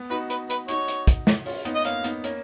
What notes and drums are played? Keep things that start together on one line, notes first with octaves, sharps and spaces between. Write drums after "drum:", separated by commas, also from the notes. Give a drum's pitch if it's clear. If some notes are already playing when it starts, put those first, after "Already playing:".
Already playing: B3
D#4 F#4 B4
B4, drum: hi-hat
B4, drum: hi-hat
D#4 F#4 C#5, drum: hi-hat
drum: hi-hat
drum: kick, hi-hat
drum: snare
C#4 F4, drum: open hi-hat
B3 D#4, drum: hi-hat
D#5
A#3 C#4 F5, drum: hi-hat
B3 D#4, drum: hi-hat
A#3 C#4, drum: hi-hat